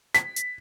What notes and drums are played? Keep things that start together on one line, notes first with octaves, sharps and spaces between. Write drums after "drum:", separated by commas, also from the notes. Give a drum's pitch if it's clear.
B6, drum: snare
drum: hi-hat